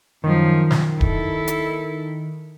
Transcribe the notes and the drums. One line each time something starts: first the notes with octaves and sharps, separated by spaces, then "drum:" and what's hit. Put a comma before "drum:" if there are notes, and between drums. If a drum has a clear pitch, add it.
F#2 D#3 F3
drum: snare
E4 A4, drum: kick D1
drum: hi-hat